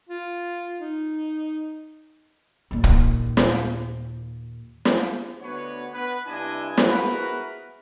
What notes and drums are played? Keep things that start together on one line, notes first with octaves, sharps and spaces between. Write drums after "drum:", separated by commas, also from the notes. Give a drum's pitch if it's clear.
F4
D#4
D#2 A#2
drum: kick
drum: snare
drum: snare
D2 B3 D4 F#4 B4 C#5
B3 B4
G2 C3 D4 E4 D#5 G#5
B3 E4 F#4 G#4 A#4 B4, drum: snare